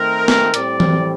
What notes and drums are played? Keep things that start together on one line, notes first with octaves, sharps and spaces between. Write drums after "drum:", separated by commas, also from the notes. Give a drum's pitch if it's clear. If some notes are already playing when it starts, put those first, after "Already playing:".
Already playing: D#3 A3 C4 A#4
drum: snare
A2 G3 C4 D5, drum: hi-hat
drum: tom E3